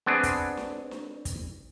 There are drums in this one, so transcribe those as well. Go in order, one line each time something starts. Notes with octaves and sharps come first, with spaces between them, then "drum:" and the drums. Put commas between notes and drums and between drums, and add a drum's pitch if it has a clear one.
B3 C4 D4 G#4
drum: kick, hi-hat
drum: snare D4
drum: snare D4
drum: kick, hi-hat